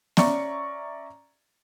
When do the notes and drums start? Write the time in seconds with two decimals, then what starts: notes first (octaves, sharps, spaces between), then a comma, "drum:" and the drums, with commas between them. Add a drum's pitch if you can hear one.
0.17 C#4 D5 E5 A#5 C#6, drum: snare B3